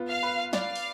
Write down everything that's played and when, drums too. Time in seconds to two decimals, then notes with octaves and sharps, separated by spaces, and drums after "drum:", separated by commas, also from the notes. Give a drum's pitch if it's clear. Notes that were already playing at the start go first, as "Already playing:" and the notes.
Already playing: B3 F4
0.08 F5
0.23 B4
0.53 D5 F5, drum: snare
0.76 drum: open hi-hat